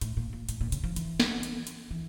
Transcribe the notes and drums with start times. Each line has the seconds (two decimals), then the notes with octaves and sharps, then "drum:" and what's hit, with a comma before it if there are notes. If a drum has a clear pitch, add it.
0.01 A2, drum: hi-hat
0.17 A#2
0.33 A#2
0.49 A2, drum: hi-hat
0.61 A#2
0.72 C#3, drum: hi-hat
0.84 F3
0.96 E3, drum: hi-hat
1.20 drum: snare
1.43 drum: hi-hat
1.67 drum: hi-hat
1.91 E3